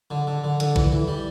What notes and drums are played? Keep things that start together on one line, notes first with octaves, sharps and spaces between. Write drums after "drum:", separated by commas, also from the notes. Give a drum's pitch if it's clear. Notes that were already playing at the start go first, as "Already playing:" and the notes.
D3
D3
D3
D3, drum: hi-hat
E3, drum: kick A#1
E3
G3